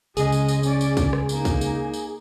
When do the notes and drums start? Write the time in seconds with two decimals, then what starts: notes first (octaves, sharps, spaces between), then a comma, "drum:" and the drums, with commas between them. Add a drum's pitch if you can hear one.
0.17 C#2 C#3 G#3 G#4 D#5, drum: tambourine
0.32 drum: tambourine
0.48 drum: tambourine
0.63 C#4 D5, drum: tambourine
0.81 drum: tambourine
0.97 drum: kick, tambourine
1.13 drum: rim click
1.29 A#3 D#4, drum: tambourine
1.45 drum: kick, tambourine
1.61 drum: tambourine
1.94 drum: tambourine